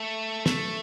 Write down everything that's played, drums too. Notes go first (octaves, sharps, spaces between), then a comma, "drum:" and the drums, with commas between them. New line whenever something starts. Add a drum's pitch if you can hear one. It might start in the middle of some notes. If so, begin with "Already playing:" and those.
Already playing: A3
A3, drum: snare